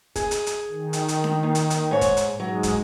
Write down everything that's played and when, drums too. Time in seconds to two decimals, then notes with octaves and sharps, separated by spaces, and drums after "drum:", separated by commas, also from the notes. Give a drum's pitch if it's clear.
0.16 G#4, drum: kick, hi-hat
0.31 drum: hi-hat
0.46 drum: hi-hat
0.71 D#3
0.93 drum: hi-hat
1.08 drum: hi-hat
1.24 drum: snare D4
1.43 D#2
1.55 drum: hi-hat
1.70 drum: hi-hat
1.91 G#2 C#5
2.01 drum: kick, hi-hat
2.17 drum: hi-hat
2.40 G#2 F#3 G#3
2.63 drum: kick, hi-hat